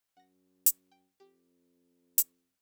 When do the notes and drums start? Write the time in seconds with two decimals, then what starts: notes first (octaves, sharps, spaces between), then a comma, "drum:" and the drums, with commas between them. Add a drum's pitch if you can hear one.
0.17 F#2 F#5 A#6
0.66 drum: hi-hat
0.92 G5
1.20 F2 G4
2.18 drum: hi-hat